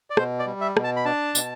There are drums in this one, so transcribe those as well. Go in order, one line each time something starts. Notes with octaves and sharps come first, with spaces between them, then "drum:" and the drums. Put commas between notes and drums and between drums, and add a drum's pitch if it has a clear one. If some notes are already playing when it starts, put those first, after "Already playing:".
D5
B2 C5, drum: rim click
D5
G3
E5
B2, drum: rim click
A5
B5
D4 A5
B2, drum: tambourine